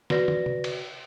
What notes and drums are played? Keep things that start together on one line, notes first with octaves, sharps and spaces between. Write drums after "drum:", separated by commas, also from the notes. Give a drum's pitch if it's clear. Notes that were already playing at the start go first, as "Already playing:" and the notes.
F#4 B4 D5 A#6, drum: snare
drum: tom
drum: tom
drum: cymbal